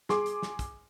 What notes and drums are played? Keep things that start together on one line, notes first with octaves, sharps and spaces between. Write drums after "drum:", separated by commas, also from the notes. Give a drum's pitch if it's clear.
G#4 C6 D6, drum: snare
drum: hi-hat
drum: snare
drum: kick, hi-hat